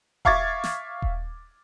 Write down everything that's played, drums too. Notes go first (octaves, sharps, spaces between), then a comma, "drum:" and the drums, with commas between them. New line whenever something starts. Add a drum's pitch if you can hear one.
E5 F5 C#6 D6 G#6 A6, drum: kick D#1
drum: snare
drum: kick D#1